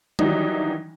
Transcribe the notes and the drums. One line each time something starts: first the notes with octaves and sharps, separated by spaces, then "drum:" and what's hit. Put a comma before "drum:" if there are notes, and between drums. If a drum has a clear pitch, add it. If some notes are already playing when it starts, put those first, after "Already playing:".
D#3 E3 F#3 G3 D4 D#4, drum: tom